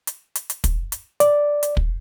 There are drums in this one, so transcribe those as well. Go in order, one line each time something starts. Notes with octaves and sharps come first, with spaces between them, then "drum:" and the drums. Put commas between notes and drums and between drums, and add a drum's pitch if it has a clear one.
drum: hi-hat
drum: hi-hat
drum: hi-hat
drum: kick, hi-hat
drum: hi-hat
D5, drum: hi-hat
drum: hi-hat
drum: kick